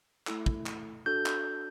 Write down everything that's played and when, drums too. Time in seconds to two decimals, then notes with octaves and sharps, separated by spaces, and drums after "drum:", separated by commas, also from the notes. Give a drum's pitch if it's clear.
0.27 A3 E4 A4, drum: clap
0.46 drum: kick
0.66 drum: clap
1.06 D4 F#4 A4 G6
1.26 drum: clap